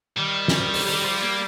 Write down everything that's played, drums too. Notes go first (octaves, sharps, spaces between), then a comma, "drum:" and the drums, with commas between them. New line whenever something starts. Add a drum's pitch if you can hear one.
D#3 G3
drum: snare
drum: open hi-hat
D#3
F3
A#3